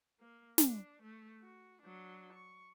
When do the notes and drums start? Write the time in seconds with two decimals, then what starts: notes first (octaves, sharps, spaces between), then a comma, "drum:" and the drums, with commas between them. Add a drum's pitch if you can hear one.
0.21 A#3
0.58 D4, drum: snare
1.02 A3
1.41 F#4
1.82 F#3 D4
2.33 C#6